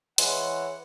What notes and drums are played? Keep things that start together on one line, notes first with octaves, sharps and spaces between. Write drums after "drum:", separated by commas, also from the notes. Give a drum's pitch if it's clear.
E3 G#3 C#5 F#5, drum: hi-hat